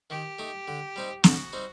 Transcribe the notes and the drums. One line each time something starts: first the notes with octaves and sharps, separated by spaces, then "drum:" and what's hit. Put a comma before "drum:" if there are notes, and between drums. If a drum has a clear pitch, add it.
D#3 G4
A3 D#4
D3
G3 C4 D#4
D3 F#4, drum: snare
G3 C4 D#4